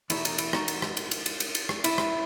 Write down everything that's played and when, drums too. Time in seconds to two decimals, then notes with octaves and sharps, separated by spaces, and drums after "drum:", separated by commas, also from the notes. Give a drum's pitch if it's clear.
0.10 E2 B2 A3 C4 D#4 E4, drum: cymbal
0.25 D#4, drum: cymbal
0.38 E4, drum: cymbal
0.53 D#4 F#4, drum: rim click
0.68 drum: cymbal
0.82 drum: rim click
0.97 drum: cymbal
1.11 drum: cymbal
1.26 drum: cymbal
1.40 drum: cymbal
1.55 drum: cymbal
1.69 drum: rim click
1.84 E4, drum: cymbal
1.98 drum: rim click